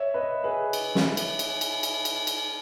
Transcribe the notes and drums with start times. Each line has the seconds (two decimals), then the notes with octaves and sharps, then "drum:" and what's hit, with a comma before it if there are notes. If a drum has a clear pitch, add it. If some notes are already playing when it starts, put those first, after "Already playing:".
Already playing: C#5 E5
0.14 B4 D#5
0.44 G#4 B4
0.73 drum: cymbal
0.95 drum: snare
1.17 drum: cymbal
1.39 drum: cymbal
1.61 drum: cymbal
1.83 drum: cymbal
2.05 drum: cymbal
2.27 drum: cymbal